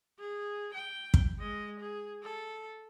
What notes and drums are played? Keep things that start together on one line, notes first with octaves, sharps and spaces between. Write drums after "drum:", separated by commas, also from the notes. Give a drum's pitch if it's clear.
G#4
G5
drum: kick
G#3 D#5
G#4
A4